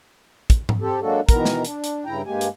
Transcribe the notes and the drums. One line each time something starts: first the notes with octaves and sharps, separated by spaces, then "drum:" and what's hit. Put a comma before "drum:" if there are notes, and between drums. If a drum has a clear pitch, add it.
drum: kick, hi-hat
drum: tom G#2
C4 G4 A4
F#3 G#3 A#3 D4 F#4 A4
B2 D#3 E3 B3 A#4 A#5, drum: kick, hi-hat
drum: snare
D4, drum: hi-hat
drum: hi-hat
G2 C#3 E4 G5 A#5
G2 G#3 A#3 G4 G#5
drum: hi-hat